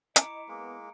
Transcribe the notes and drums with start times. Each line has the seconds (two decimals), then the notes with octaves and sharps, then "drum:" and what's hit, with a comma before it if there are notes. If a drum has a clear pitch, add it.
0.16 E4 D#5 A#5 D6 C#7 D7, drum: hi-hat
0.48 G#3 A#3 B3